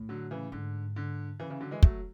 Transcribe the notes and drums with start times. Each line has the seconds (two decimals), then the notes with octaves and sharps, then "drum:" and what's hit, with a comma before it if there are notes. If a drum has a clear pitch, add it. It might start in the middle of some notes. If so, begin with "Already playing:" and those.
Already playing: A2
0.09 D3 F#3
0.31 C#3 E3
0.52 G#2 D3
0.96 D3
1.39 C#3 E3
1.50 C#3 E3
1.61 D3 F#3
1.71 E3 G#3
1.83 F#3 A3, drum: kick